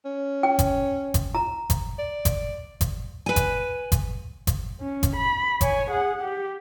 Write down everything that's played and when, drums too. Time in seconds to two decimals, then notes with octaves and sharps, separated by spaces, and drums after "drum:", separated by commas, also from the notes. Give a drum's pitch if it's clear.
0.05 C#4
0.43 G5
0.59 drum: kick G1, hi-hat
1.14 drum: kick G1, hi-hat
1.35 A#5
1.70 drum: kick G1, hi-hat
1.98 D5
2.25 drum: kick G1, hi-hat
2.81 drum: kick G1, hi-hat
3.26 B4 G#5
3.36 drum: kick G1, hi-hat
3.92 drum: kick G1, hi-hat
4.47 drum: kick G1, hi-hat
4.81 C#4
5.03 drum: kick G1, hi-hat
5.17 B5
5.61 C#5 G#5, drum: kick G1, hi-hat
5.91 G#4 F#5
6.22 G4